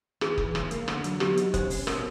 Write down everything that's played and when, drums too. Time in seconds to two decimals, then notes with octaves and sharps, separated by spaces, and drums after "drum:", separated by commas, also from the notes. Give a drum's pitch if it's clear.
0.21 E3 G#4, drum: rim click
0.38 E3, drum: kick F#1
0.55 C#3, drum: rim click
0.71 A#3, drum: hi-hat
0.88 D3, drum: rim click
1.04 F#3, drum: hi-hat
1.20 B3 G4, drum: rim click
1.37 D#4, drum: hi-hat
1.54 C#4 C5, drum: kick F#1, hi-hat
1.70 C#4, drum: open hi-hat
1.87 B2 A#4, drum: rim click